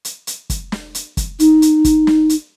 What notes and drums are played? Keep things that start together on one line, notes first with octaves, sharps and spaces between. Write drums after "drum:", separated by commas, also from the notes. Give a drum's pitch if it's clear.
drum: hi-hat
drum: hi-hat
drum: kick, hi-hat
drum: snare
drum: hi-hat
drum: kick, hi-hat
D#4, drum: hi-hat
drum: hi-hat
drum: kick, hi-hat
drum: snare
drum: hi-hat